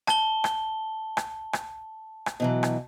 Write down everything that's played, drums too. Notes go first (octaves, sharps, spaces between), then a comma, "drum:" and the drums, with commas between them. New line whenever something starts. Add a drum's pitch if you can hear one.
A5 G7, drum: rim click
drum: rim click
drum: rim click
drum: rim click
drum: rim click
B2 E3 F#3
drum: rim click